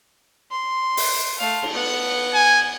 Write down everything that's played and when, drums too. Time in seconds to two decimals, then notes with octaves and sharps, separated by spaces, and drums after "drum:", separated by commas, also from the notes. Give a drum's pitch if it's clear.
0.51 C6
0.97 drum: open hi-hat
1.39 A3 F5
1.62 drum: cymbal
1.75 B3 F#5
2.34 G#5